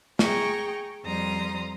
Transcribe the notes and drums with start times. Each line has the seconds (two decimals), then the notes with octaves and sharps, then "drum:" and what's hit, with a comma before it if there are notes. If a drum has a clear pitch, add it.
0.19 G#4 G5 A#5 C#6, drum: snare
1.04 F2 G3 A#5 C6 D#6